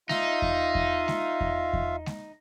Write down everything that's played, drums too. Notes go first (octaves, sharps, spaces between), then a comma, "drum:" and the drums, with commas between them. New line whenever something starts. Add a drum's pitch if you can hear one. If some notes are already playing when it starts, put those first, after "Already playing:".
D#4 F4 E5 F5, drum: snare G#3
drum: kick E2
drum: kick E2
drum: snare G#3
drum: kick E2
drum: kick E2
drum: snare G#3